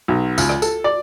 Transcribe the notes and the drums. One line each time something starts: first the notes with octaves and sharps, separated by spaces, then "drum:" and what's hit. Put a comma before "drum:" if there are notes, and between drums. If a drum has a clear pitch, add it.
B1
C#2, drum: tambourine
drum: rim click
A4, drum: tambourine
D5